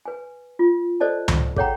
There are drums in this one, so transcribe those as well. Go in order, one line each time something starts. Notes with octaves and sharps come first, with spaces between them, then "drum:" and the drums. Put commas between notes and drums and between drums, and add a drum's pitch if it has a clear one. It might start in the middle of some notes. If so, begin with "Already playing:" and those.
B4 G#5
F4
A4 C5 D5 D#5 A5
drum: tom C#2
G#4 A4 C#5 F#5 G5 A#5, drum: kick